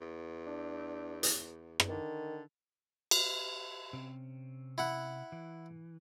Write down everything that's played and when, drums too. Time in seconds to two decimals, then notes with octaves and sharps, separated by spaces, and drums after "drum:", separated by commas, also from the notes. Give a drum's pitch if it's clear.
0.01 E2
0.47 D4
1.23 drum: hi-hat
1.80 drum: rim click
1.89 D3 D#3
3.11 drum: cymbal
3.93 C3 C4 C#4
4.78 E4 F#5
5.32 E3